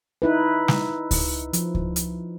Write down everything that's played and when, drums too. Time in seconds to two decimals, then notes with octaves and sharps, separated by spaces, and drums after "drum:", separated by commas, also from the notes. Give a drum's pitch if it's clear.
0.22 D#4 E4 B4
0.68 drum: snare
1.11 drum: kick C#2, open hi-hat
1.53 F3, drum: hi-hat
1.75 drum: kick C#2
1.96 drum: hi-hat